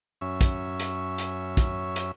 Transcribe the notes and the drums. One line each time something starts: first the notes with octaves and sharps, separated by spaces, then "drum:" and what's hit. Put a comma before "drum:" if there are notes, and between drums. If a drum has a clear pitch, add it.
F#2 C#4 E5
drum: kick, hi-hat
drum: hi-hat
drum: hi-hat
drum: kick, hi-hat
drum: hi-hat